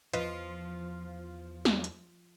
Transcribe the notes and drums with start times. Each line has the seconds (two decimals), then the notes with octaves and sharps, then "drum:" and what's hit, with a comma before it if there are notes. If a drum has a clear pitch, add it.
0.13 E2 F3 F4 B4 D#5, drum: hi-hat
1.65 drum: snare
1.84 drum: hi-hat